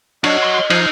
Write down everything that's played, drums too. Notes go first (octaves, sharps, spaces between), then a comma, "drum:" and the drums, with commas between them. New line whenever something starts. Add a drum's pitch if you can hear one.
D4 F#4 C#5 D#5, drum: cymbal
C6
F3 D#4, drum: cymbal